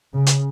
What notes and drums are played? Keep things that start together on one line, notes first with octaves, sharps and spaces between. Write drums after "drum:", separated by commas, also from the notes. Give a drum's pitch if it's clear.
C#3
drum: hi-hat